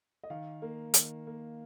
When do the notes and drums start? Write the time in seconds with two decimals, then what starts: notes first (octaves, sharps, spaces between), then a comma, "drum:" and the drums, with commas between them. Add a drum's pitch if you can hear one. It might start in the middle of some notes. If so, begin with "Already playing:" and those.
0.23 D#5
0.30 D#3 F5
0.62 A#3
0.94 D#3, drum: hi-hat
1.27 A#3